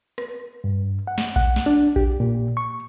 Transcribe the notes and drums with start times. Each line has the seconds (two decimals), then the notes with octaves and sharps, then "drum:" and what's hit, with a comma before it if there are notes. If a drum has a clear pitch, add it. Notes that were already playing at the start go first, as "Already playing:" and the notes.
0.18 drum: rim click
0.64 G2
1.07 F#5
1.18 drum: snare
1.36 F#5, drum: kick A#1
1.56 drum: snare
1.66 D4
1.96 G4, drum: kick A#1
2.20 A#2
2.57 C#6